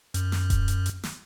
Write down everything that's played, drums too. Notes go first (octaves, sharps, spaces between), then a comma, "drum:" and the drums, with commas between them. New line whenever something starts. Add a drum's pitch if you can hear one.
F#2, drum: hi-hat
drum: snare
drum: kick D#1, hi-hat
drum: hi-hat
drum: hi-hat
drum: snare